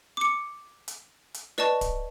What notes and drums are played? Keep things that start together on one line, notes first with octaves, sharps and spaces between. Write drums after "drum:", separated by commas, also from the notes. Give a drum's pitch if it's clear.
D6 C#7
drum: hi-hat
drum: hi-hat
B4 D5 D#5 A5 C#6, drum: snare
drum: kick D1, hi-hat